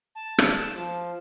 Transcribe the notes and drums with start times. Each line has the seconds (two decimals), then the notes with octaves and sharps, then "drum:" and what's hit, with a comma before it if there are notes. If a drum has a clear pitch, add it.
0.15 A5
0.38 drum: rim click
0.76 F3